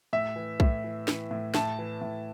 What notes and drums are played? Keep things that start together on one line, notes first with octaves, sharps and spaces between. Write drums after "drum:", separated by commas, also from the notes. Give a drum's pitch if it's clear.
A2 E5
E3
A2, drum: kick B1
E3
E3, drum: snare
A2
A2 A5, drum: snare
E3
A2